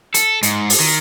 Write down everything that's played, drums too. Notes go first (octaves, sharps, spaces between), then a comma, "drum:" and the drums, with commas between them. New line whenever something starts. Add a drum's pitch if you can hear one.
A4, drum: hi-hat
G#2, drum: hi-hat
drum: open hi-hat
D#3